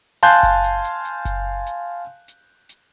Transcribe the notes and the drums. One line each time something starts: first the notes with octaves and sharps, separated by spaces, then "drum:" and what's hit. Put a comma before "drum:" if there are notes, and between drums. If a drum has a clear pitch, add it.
F5 G#5 A5 C6 F#6 G6, drum: hi-hat
drum: kick F#1, hi-hat
drum: hi-hat
drum: hi-hat
drum: hi-hat
drum: kick F#1, hi-hat
drum: hi-hat
drum: hi-hat
drum: hi-hat